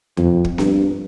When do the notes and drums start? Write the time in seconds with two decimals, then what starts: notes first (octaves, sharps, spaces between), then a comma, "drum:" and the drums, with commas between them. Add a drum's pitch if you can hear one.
0.17 F2, drum: tom E2
0.45 drum: kick
0.58 G2, drum: snare B3